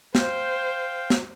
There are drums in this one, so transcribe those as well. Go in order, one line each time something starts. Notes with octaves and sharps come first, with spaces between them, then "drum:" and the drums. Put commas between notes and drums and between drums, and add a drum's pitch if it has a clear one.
C5 F5 G5, drum: snare
drum: snare